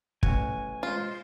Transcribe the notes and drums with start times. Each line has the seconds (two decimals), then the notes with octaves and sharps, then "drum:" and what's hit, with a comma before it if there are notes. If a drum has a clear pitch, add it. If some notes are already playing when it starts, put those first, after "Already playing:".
0.23 A1 F#4 G#5, drum: kick
0.83 G#3 F4 C5